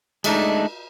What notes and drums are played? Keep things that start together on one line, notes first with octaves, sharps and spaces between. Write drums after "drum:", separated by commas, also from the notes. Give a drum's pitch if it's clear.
G#3 A3 D4 D#4, drum: cymbal